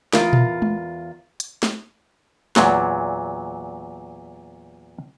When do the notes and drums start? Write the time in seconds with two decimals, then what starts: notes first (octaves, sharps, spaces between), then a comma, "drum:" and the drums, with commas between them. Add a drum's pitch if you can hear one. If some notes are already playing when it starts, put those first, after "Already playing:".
0.13 E2 F4 A#4, drum: snare
0.33 drum: tom A#2
0.62 drum: tom G#3
1.40 drum: hi-hat
1.63 drum: snare
2.56 E2 A#2 F#3, drum: snare